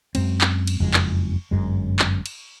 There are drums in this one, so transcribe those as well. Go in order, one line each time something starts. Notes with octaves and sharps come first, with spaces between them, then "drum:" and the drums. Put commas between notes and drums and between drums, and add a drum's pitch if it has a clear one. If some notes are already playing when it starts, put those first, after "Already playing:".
F#2 G#3 C4, drum: cymbal
drum: clap
drum: cymbal
F#1 F2 G#3
drum: clap
G1 F#2 G#3
drum: clap
drum: cymbal